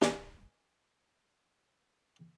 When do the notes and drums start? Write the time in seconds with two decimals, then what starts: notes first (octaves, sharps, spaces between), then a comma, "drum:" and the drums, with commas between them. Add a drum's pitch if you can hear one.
0.02 D#4 A#4 B4 D5 G#5, drum: snare